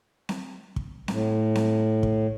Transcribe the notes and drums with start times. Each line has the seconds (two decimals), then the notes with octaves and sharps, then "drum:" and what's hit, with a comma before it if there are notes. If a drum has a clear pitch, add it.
0.29 drum: snare C4
0.76 drum: kick
1.08 A2, drum: snare C4
1.55 drum: snare C4
2.03 drum: kick